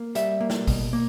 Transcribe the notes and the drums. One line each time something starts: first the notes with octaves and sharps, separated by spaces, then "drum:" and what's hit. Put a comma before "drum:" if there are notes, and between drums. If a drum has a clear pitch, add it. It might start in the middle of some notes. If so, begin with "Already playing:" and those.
Already playing: A#3
G3 E5, drum: hi-hat
A#3
drum: snare
B2, drum: kick G#1, open hi-hat
A#3